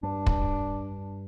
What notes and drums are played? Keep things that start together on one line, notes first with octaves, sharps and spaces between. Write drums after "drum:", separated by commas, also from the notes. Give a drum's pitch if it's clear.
G2 D4
drum: kick